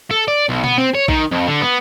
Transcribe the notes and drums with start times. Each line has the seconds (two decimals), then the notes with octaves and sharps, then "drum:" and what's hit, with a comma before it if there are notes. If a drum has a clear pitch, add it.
0.11 A4
0.28 D5
0.49 B1
0.64 B3, drum: tom B2
0.78 C4
0.94 C#5
1.08 D#3, drum: kick A#1
1.31 F2
1.47 D3
1.61 B3